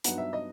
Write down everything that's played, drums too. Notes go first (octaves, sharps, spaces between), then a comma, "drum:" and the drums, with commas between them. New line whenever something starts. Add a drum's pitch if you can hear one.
G2 F#3 B3 D#4 F#5, drum: hi-hat
E5
D#5